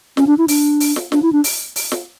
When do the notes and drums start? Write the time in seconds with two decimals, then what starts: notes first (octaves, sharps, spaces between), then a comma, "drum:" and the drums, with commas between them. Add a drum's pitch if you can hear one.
0.17 C#4, drum: snare
0.27 D4
0.38 E4
0.48 D4, drum: open hi-hat
0.80 drum: open hi-hat
0.96 drum: snare
1.12 D4, drum: snare
1.22 E4
1.33 D4
1.44 drum: open hi-hat
1.76 drum: open hi-hat
1.92 drum: snare